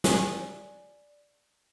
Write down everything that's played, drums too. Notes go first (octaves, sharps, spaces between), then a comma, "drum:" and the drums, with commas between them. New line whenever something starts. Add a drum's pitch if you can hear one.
D5 G#5, drum: snare